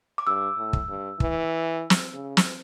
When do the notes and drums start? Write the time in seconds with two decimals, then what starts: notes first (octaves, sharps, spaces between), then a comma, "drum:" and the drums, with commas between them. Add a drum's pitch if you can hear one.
0.18 D6
0.27 G2 E6
0.57 A2
0.73 drum: kick
0.89 G2
1.20 E3, drum: kick
1.90 drum: snare
2.14 C#3
2.37 drum: snare